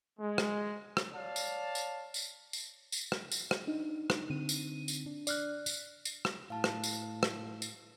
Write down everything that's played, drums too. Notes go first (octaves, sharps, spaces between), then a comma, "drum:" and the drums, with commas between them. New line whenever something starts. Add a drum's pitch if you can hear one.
G#3
drum: rim click
drum: rim click
C#5 D5 F5 A5
drum: tambourine
drum: tambourine
drum: tambourine
drum: tambourine
drum: tambourine
drum: rim click
drum: tambourine
drum: rim click
D4 D#4
drum: rim click
D3 C4 D#7
drum: tambourine
drum: tambourine
D4
D5 F6 F#6, drum: tambourine
drum: tambourine
drum: tambourine
drum: rim click
A2 F5 A5
drum: rim click
drum: tambourine
drum: rim click
drum: tambourine